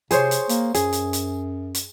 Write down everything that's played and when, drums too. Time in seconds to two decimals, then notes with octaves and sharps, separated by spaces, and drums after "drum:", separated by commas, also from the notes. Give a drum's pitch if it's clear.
0.11 C3 G#4 C5 C#5, drum: hi-hat
0.31 drum: hi-hat
0.49 A#3, drum: hi-hat
0.74 F#2 G#4, drum: hi-hat
0.93 drum: hi-hat
1.13 drum: hi-hat
1.75 drum: hi-hat